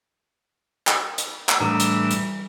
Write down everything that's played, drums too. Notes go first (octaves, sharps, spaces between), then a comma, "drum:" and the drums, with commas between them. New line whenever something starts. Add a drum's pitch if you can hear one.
G5, drum: clap
drum: hi-hat
drum: clap
A2 E3 G3 D4 A4 A#5 E6
drum: hi-hat
drum: hi-hat